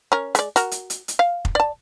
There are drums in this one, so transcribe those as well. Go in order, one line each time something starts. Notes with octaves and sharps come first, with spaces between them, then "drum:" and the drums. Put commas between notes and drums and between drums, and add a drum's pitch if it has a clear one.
C#4 A#4
G#3 D5, drum: hi-hat
F#4 A#4, drum: hi-hat
drum: hi-hat
drum: hi-hat
drum: hi-hat
F5
drum: kick F1
D5 A5